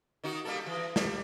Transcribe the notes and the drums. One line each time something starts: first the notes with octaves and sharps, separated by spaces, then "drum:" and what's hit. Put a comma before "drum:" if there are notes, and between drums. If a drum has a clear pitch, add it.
D#3 D#4 F#4
G3 A#3 A4
E3
G3, drum: snare